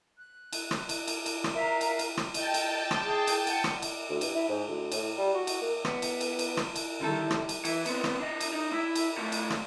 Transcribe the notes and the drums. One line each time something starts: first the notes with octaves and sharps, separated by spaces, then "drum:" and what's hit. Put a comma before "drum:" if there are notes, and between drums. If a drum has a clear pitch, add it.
F#6
drum: cymbal
drum: rim click
drum: cymbal
drum: cymbal
drum: cymbal
drum: rim click
A#4 E5 F5 A#5
drum: cymbal
drum: cymbal
drum: rim click
D#5 G5 A5, drum: cymbal
drum: cymbal
drum: rim click
G#4
drum: cymbal
F#5, drum: cymbal
drum: rim click
drum: cymbal
D2
G2, drum: cymbal
E4
G#2
D2
A2, drum: cymbal
G3
F#4
drum: cymbal
A#3
B3, drum: rim click
drum: cymbal
drum: cymbal
drum: cymbal
drum: rim click
drum: cymbal
D3 D#3 G3 E4 A4
drum: rim click
drum: cymbal
E3, drum: cymbal
B3 C4, drum: cymbal
drum: rim click
D4 D#5
drum: cymbal
D#4
E4
drum: cymbal
A3 F4
drum: cymbal
drum: rim click